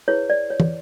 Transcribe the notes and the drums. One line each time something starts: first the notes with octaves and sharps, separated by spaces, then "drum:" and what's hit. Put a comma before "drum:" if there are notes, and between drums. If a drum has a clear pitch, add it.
E4 G#4 B4 C#5
D5
C#5
drum: tom